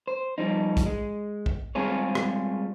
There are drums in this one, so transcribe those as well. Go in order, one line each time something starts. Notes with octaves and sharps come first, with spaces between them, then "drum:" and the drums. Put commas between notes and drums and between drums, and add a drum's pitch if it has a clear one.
C5
F3 G3 D#4
drum: kick, hi-hat
G#3
drum: kick
G3 G#3 C4 F4 G#4 C#5
drum: rim click